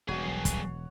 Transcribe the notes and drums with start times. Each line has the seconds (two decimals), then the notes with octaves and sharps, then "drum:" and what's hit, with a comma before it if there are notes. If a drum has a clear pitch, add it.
0.08 E1 G2 F#4 G#4 C#5
0.24 B1 F#3 C7
0.45 drum: kick, hi-hat